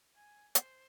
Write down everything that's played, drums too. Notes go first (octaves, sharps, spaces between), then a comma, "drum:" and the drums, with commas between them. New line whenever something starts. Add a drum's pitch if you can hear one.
G#5
C5, drum: hi-hat